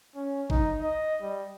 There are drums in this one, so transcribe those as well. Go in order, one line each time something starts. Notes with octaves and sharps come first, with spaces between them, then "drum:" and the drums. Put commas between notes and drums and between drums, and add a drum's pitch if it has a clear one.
C#4
D#4, drum: kick G1
D#5
G3